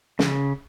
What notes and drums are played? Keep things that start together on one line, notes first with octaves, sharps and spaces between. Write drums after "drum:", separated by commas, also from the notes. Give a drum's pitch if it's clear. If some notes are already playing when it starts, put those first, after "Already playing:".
C#3, drum: snare